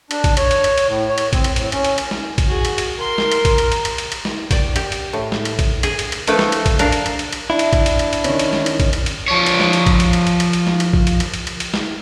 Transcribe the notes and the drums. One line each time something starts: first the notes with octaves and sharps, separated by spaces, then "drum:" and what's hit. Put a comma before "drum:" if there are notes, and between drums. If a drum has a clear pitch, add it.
D4, drum: cymbal
drum: kick A1, cymbal
C#5, drum: cymbal
drum: cymbal
drum: cymbal
drum: cymbal
A2
C#5
drum: cymbal
C4, drum: kick A1, cymbal
drum: cymbal
A2, drum: cymbal
C#4, drum: cymbal
drum: cymbal
drum: cymbal
drum: snare
drum: kick A1, cymbal
F#4 G#4
drum: cymbal
drum: cymbal
A#4 C6
drum: snare
drum: cymbal
drum: kick A1, cymbal
drum: cymbal
drum: cymbal
drum: cymbal
drum: cymbal
drum: cymbal
drum: snare
D5 G5, drum: kick A1, cymbal
G4, drum: cymbal
drum: cymbal
A2
drum: snare
drum: cymbal
drum: kick A1, cymbal
G#4, drum: cymbal
drum: cymbal
drum: cymbal
F3 A3 E4 A4 B4, drum: cymbal
drum: snare
drum: cymbal
drum: kick A1, cymbal
D4 A#4 F5, drum: cymbal
drum: cymbal
drum: cymbal
drum: cymbal
drum: cymbal
D4 E4
drum: cymbal
drum: kick A1, cymbal
drum: cymbal
drum: cymbal
drum: cymbal
D#3 C#4, drum: cymbal
drum: cymbal
drum: snare
drum: cymbal
drum: kick A1, cymbal
drum: cymbal
drum: cymbal
F3 C#5
drum: cymbal
drum: snare
drum: cymbal
drum: kick A1, cymbal
drum: cymbal
drum: cymbal
drum: cymbal
drum: cymbal
drum: cymbal
drum: snare
drum: cymbal
drum: kick A1
drum: cymbal
drum: cymbal
drum: cymbal
drum: cymbal
drum: cymbal
drum: snare